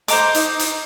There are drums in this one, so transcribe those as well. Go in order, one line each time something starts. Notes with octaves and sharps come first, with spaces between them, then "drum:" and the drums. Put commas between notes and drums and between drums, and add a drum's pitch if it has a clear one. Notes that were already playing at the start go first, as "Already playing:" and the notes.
C5 D#5 A#5 D6, drum: hi-hat
D#4, drum: hi-hat
drum: hi-hat